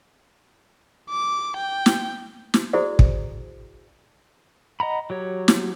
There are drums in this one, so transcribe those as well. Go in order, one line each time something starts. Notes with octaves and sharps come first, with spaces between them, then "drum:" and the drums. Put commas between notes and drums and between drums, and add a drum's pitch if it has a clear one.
D6
G5
drum: snare
drum: snare
E4 F#4 G#4 A4 C5 D5
drum: kick
D#5 F#5 A#5 B5
F#3 G4 C#5
drum: snare